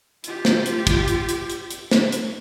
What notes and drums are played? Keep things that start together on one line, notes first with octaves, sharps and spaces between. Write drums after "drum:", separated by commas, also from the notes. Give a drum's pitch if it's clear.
F4 G4, drum: hi-hat
drum: snare
drum: hi-hat
drum: kick, hi-hat
drum: hi-hat
drum: hi-hat
drum: hi-hat
drum: hi-hat
drum: snare
drum: hi-hat